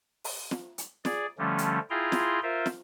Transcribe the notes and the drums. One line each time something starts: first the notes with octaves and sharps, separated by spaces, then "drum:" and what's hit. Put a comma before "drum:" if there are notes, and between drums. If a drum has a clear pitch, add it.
drum: open hi-hat
drum: snare
drum: hi-hat
G#4 D5, drum: snare
D3 F3 G3 A3 C#4
drum: hi-hat
E4 F4 G#4 G5 A#5 C6
drum: snare
F4 A#4 C5 E5
drum: snare